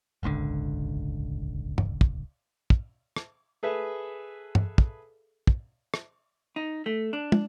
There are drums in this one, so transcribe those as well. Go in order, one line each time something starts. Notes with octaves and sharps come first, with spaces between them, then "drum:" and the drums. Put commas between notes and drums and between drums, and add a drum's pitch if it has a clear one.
D#1 G#1 C#2 D3
drum: tom
drum: kick
drum: kick
drum: rim click
G#4 A4 B4 E5
drum: tom
drum: kick
drum: kick
drum: rim click
D#4
A3
D4
drum: tom